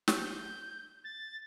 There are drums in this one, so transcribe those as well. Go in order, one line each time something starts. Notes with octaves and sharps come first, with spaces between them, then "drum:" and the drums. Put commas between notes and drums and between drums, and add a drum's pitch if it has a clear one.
drum: snare
G6
A6